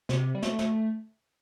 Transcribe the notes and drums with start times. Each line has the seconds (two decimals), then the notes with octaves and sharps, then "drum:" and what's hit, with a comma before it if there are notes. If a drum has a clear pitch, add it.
0.09 C3, drum: snare
0.35 G3
0.42 A3, drum: snare
0.59 drum: snare